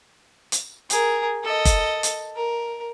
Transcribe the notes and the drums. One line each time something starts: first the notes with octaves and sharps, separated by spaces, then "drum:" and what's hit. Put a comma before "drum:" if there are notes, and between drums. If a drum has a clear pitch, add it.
drum: hi-hat
G#4 A#4, drum: hi-hat
A4 D#5
drum: kick, hi-hat
drum: hi-hat
A#4